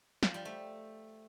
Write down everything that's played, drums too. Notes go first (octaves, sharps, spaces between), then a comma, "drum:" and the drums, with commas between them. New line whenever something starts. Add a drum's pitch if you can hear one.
F3, drum: snare
G3
A3